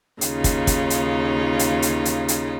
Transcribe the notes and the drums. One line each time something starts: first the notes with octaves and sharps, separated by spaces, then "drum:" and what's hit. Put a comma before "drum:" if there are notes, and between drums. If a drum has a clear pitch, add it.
D#2 C#3 D#4 F4, drum: hi-hat
drum: kick, hi-hat
drum: kick, hi-hat
drum: hi-hat
drum: hi-hat
drum: hi-hat
drum: hi-hat
drum: hi-hat